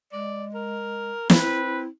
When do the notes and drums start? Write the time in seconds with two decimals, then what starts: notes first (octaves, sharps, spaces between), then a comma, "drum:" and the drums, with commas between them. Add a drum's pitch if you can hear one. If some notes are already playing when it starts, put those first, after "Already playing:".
0.12 G#3 D5
0.54 A#4
1.30 C4 E4 B4, drum: snare
1.65 E4